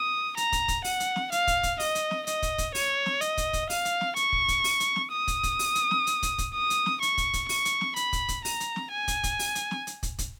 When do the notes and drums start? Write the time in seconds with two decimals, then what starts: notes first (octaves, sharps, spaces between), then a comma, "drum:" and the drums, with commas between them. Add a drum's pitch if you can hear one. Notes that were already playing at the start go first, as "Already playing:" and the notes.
Already playing: D#6
0.37 A#5, drum: hi-hat
0.52 drum: kick, hi-hat
0.68 drum: kick, hi-hat
0.84 F#5, drum: open hi-hat
1.00 drum: hi-hat
1.16 drum: snare
1.32 F5, drum: hi-hat
1.47 drum: kick, hi-hat
1.63 drum: kick, hi-hat
1.80 D#5, drum: open hi-hat
1.95 drum: hi-hat
2.11 drum: snare
2.27 D#5, drum: hi-hat
2.42 drum: kick, hi-hat
2.58 drum: kick, hi-hat
2.75 C#5, drum: open hi-hat
3.06 drum: snare
3.21 D#5, drum: hi-hat
3.37 drum: kick, hi-hat
3.53 drum: kick, hi-hat
3.70 F5, drum: open hi-hat
3.85 drum: hi-hat
4.01 drum: snare
4.16 C#6, drum: hi-hat
4.33 drum: kick
4.48 drum: kick, hi-hat
4.64 drum: open hi-hat
4.80 drum: hi-hat
4.96 drum: snare
5.12 D#6
5.28 drum: kick, hi-hat
5.43 drum: kick, hi-hat
5.59 drum: open hi-hat
5.75 drum: hi-hat
5.91 drum: snare
6.07 drum: hi-hat
6.23 drum: kick, hi-hat
6.38 drum: kick, hi-hat
6.54 D#6
6.70 drum: hi-hat
6.86 drum: snare
7.02 C#6, drum: hi-hat
7.18 drum: kick, hi-hat
7.33 drum: kick, hi-hat
7.49 C#6, drum: open hi-hat
7.65 drum: hi-hat
7.81 drum: snare
7.96 B5, drum: hi-hat
8.13 drum: kick, hi-hat
8.28 drum: kick, hi-hat
8.45 A#5, drum: open hi-hat
8.60 drum: hi-hat
8.76 drum: snare
8.91 G#5
9.08 drum: kick, hi-hat
9.23 drum: kick, hi-hat
9.39 drum: open hi-hat
9.55 drum: hi-hat
9.71 drum: snare
9.87 drum: hi-hat
10.03 drum: kick, hi-hat
10.19 drum: kick, hi-hat